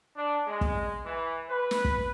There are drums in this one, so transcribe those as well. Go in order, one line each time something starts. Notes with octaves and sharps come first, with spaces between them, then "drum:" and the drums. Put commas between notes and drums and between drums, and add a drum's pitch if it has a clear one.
D4
G#3
drum: kick
E3
B4
drum: snare
drum: kick